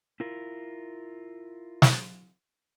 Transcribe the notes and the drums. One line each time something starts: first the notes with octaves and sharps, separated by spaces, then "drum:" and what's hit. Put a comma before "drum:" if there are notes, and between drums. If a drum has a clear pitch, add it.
E4 F4 A#4
drum: snare